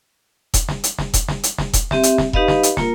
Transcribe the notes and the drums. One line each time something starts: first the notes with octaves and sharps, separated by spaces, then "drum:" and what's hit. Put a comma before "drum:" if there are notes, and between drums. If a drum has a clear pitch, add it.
drum: kick E1, hi-hat
drum: snare
drum: hi-hat
drum: snare
drum: kick E1, hi-hat
drum: snare
drum: hi-hat
drum: snare
drum: kick E1, hi-hat
C4 G4 E5, drum: snare
drum: hi-hat
drum: snare
D#4 G4 B4 D#5 F5 B5, drum: kick E1
drum: snare
drum: hi-hat
A#3 F4 A#4, drum: snare